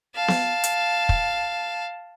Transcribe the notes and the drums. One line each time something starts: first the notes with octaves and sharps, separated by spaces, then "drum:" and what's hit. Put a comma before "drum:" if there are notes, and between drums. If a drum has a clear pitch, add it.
F5 A5
drum: snare B3
drum: hi-hat
drum: kick